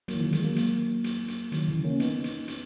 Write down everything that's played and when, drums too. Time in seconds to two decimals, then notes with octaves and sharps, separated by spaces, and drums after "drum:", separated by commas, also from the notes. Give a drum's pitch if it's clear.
0.08 F#3 A#3, drum: hi-hat
0.15 E3
0.20 D#3 F#3
0.32 E3 G#3, drum: hi-hat
0.44 F#3 A#3
0.56 drum: hi-hat
1.04 drum: hi-hat
1.28 drum: hi-hat
1.52 D#3 F#3, drum: hi-hat
1.68 C#3 E3
1.84 A#3 C#4
2.00 B3 D#4, drum: hi-hat
2.24 drum: hi-hat
2.48 drum: hi-hat